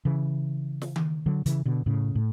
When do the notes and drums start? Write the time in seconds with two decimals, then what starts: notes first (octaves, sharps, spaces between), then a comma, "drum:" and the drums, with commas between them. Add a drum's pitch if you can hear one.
0.05 C#3 E3
0.82 drum: snare
0.96 drum: tom D#3
1.26 D3 F#3
1.46 C#3 E3, drum: hi-hat
1.65 B2 D3
1.86 A2 C#3
2.15 A2